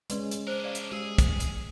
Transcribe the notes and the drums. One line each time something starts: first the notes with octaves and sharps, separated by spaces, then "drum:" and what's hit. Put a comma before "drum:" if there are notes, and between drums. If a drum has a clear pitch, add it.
G#3 C#4 B4 D5 C6, drum: hi-hat
drum: hi-hat
D4 A#4 C5
D5 F5 C#6
drum: hi-hat
G#3 G4 G#4 E6
drum: kick, hi-hat
drum: hi-hat